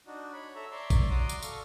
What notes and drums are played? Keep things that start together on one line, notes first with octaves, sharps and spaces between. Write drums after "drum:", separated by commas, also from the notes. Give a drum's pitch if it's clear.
D4 D#4 F#4
C#5 B5
A4 E5 A#5
C#5 D5 E5 A#5 C6
drum: kick A1, tambourine
F#4 D5 A#5 C6 D6 D#6
drum: tambourine
A4 F5 C#6, drum: tambourine